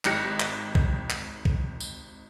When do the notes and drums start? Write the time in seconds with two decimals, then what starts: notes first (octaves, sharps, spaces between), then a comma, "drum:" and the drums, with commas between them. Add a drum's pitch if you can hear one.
0.05 G#1 D#4 G4 F#6 A#6 C#7, drum: clap
0.40 drum: clap
0.75 drum: kick
1.10 drum: clap
1.45 drum: kick
1.80 drum: tambourine